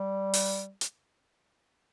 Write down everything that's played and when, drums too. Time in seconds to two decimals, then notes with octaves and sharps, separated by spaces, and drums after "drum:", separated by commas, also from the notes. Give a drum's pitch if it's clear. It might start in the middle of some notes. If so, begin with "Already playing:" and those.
Already playing: G3
0.34 drum: open hi-hat
0.81 drum: hi-hat